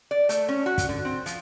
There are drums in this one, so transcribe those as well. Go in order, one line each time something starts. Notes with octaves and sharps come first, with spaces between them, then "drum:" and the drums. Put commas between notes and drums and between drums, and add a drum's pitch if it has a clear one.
D5
A3, drum: hi-hat
C#4
F#4
drum: kick, hi-hat
D3
C4
F3, drum: hi-hat